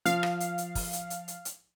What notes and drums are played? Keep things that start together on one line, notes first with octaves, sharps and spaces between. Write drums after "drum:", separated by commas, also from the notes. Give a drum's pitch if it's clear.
F3 F5, drum: hi-hat
drum: rim click
drum: hi-hat
drum: hi-hat
drum: kick, open hi-hat
drum: hi-hat
drum: hi-hat
drum: hi-hat
drum: hi-hat